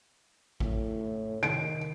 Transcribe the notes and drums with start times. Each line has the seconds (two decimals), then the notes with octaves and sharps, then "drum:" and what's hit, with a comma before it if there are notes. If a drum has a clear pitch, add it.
0.60 A2, drum: kick A1
1.43 D#3 D7, drum: tom C3